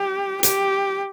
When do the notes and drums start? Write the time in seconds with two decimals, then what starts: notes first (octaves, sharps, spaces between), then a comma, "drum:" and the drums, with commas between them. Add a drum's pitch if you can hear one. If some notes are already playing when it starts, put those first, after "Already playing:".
Already playing: G4
0.43 G4, drum: hi-hat